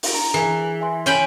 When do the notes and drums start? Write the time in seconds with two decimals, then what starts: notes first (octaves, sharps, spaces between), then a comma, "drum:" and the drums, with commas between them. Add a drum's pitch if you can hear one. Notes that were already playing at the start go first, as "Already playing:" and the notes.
0.03 drum: open hi-hat
0.14 D4 A#5
0.34 E3 G#4
0.81 E5 G#5 C6
1.06 C#4 G5 B5